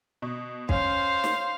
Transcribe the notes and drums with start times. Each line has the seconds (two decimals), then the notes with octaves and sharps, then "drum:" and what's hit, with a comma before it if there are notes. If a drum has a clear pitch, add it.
0.22 B2
0.69 C#4 C5 F5, drum: kick
1.24 drum: snare